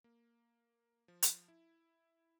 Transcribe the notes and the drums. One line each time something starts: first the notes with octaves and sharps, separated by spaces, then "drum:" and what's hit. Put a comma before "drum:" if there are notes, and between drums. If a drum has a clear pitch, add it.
A#3
F3
drum: hi-hat
E4